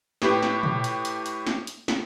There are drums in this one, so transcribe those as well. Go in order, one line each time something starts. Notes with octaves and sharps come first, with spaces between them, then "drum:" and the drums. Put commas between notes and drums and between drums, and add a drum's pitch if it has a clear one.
A2 G4 B4, drum: snare
drum: snare
drum: tom A#2
drum: hi-hat
drum: hi-hat
drum: hi-hat
drum: snare
drum: hi-hat
drum: snare